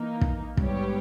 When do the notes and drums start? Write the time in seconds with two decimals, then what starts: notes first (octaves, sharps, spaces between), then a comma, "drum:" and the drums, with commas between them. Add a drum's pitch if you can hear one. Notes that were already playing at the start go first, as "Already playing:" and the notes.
Already playing: E3 A#3 D#4
0.21 drum: kick
0.57 G#2 G3 B3 G4 C#5, drum: kick